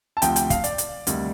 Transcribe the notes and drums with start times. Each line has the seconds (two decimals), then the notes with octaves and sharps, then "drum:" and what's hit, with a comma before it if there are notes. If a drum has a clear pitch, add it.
0.17 A5
0.22 D2 C3 F3 G5, drum: hi-hat
0.36 G5, drum: hi-hat
0.50 F5, drum: kick, hi-hat
0.64 D5, drum: hi-hat
0.78 drum: hi-hat
1.07 D2 C3 D#3 G3, drum: hi-hat